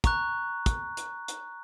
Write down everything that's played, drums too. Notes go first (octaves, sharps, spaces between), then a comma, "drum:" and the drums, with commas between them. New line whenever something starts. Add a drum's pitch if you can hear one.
A#5 C#6 F#6, drum: kick, hi-hat
drum: kick, hi-hat
drum: hi-hat
drum: hi-hat